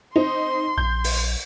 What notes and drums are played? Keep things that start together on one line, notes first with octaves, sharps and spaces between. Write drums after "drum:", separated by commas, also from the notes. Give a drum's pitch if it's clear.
C4 D#4 C6
A#1 G6
drum: open hi-hat